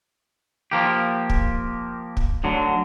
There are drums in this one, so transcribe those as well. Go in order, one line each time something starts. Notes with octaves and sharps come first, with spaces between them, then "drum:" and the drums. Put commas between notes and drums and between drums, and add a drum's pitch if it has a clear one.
F3 A#3 G4
drum: kick
drum: kick
D2 D3 F#3